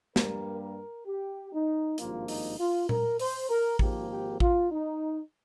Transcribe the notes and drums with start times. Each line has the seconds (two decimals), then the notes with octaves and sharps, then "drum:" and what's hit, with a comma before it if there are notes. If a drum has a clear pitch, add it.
0.16 G2 G3 A#3 A#4, drum: snare
0.61 A#4
1.07 G4
1.52 D#4
1.98 G#1 G2 F3 A#3 F4, drum: hi-hat
2.28 D#4, drum: open hi-hat
2.59 F4
2.89 A#4, drum: tom A#2
3.19 C5, drum: open hi-hat
3.49 A#4
3.79 G#1 G#2 F3 A#3 G4, drum: kick A1
4.10 G4
4.40 F4, drum: kick A1
4.71 D#4